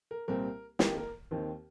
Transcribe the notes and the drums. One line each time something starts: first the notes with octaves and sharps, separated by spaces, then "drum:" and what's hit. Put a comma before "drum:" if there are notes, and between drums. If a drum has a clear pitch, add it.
A#4
C2 A#2 G3 C4 A#4
F2 D#3 A#3 G4, drum: snare
A#4
D#2 D#3 C4